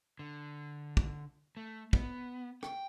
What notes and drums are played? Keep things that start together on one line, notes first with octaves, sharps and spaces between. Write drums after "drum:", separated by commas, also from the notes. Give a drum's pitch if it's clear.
D3
drum: kick
A3
B3, drum: kick
G5, drum: rim click